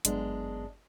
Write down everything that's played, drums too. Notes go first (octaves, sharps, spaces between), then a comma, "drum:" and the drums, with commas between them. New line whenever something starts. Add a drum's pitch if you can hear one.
G1 F#2 G#3 B3 D4, drum: hi-hat